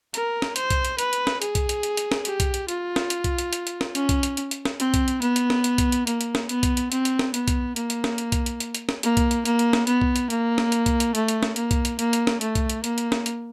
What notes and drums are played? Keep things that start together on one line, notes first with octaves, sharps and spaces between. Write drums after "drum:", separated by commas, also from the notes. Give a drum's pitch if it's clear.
A#4, drum: hi-hat
drum: snare
C5, drum: hi-hat
drum: kick B1, hi-hat
drum: hi-hat
B4, drum: hi-hat
drum: hi-hat
drum: snare
G#4, drum: hi-hat
drum: kick B1, hi-hat
drum: hi-hat
drum: hi-hat
drum: hi-hat
drum: snare
G4, drum: hi-hat
drum: kick B1, hi-hat
drum: hi-hat
F4, drum: hi-hat
drum: snare
drum: hi-hat
drum: kick B1, hi-hat
drum: hi-hat
drum: hi-hat
drum: hi-hat
drum: snare
C#4, drum: hi-hat
drum: kick B1, hi-hat
drum: hi-hat
drum: hi-hat
drum: hi-hat
drum: snare
C4, drum: hi-hat
drum: kick B1, hi-hat
drum: hi-hat
B3, drum: hi-hat
drum: hi-hat
drum: snare
drum: hi-hat
drum: kick B1, hi-hat
drum: hi-hat
A#3, drum: hi-hat
drum: hi-hat
drum: snare
B3, drum: hi-hat
drum: kick B1, hi-hat
drum: hi-hat
C4, drum: hi-hat
drum: hi-hat
drum: snare
B3, drum: hi-hat
drum: kick B1, hi-hat
A#3, drum: hi-hat
drum: hi-hat
drum: snare
drum: hi-hat
drum: kick B1, hi-hat
drum: hi-hat
drum: hi-hat
drum: hi-hat
drum: snare
A#3, drum: hi-hat
drum: kick B1, hi-hat
drum: hi-hat
A#3, drum: hi-hat
drum: hi-hat
drum: snare
B3, drum: hi-hat
drum: kick B1
drum: hi-hat
A#3, drum: hi-hat
drum: snare
drum: hi-hat
drum: kick B1, hi-hat
drum: hi-hat
A3, drum: hi-hat
drum: hi-hat
drum: snare
A#3, drum: hi-hat
drum: kick B1, hi-hat
drum: hi-hat
A#3, drum: hi-hat
drum: hi-hat
drum: snare
A3, drum: hi-hat
drum: kick B1, hi-hat
drum: hi-hat
A#3, drum: hi-hat
drum: hi-hat
drum: snare
drum: hi-hat